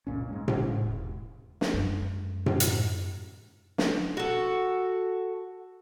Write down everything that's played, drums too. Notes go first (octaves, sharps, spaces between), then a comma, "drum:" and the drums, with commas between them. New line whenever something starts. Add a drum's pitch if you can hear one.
F#1 C#2 A#2 C#4
G#2 G#3 C#4
G#1 C#3 G#3, drum: tom A2
E1
drum: snare
F#2 G#3
drum: tom A2
drum: hi-hat
drum: snare
F#4 A4